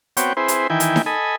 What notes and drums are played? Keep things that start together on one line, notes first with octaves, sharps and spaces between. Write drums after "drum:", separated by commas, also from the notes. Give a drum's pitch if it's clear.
B3 C4 F#4 C#5 G5, drum: hi-hat
C4 E4 G#4 B4 C5
drum: hi-hat
D#3 E3 E4 G5 G#5
drum: hi-hat
drum: snare D#4
A4 D#5 G#5 B5